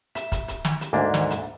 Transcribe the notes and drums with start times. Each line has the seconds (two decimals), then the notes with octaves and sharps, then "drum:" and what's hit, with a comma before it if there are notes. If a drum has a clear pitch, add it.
0.15 E5, drum: hi-hat
0.32 drum: kick, hi-hat
0.48 drum: hi-hat
0.65 drum: snare
0.81 drum: hi-hat
0.93 D2 G#2 A#3 D4
1.14 drum: snare
1.30 drum: hi-hat